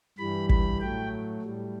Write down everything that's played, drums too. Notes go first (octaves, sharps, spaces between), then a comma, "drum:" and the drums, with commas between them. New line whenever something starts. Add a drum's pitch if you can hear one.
G2 E3 G3 B5
B5, drum: kick
A2 F#3 A3 G5
A2 G3